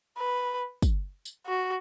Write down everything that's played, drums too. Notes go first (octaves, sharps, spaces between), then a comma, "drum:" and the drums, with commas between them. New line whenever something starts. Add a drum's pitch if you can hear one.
B4
drum: kick, tambourine
drum: tambourine
F#4